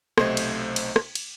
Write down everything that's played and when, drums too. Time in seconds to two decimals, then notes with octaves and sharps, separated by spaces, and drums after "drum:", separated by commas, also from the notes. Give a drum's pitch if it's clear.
0.18 B1 C3 A3 C5 D#5 G#6, drum: rim click
0.37 drum: cymbal
0.76 drum: cymbal
0.96 drum: rim click
1.15 drum: cymbal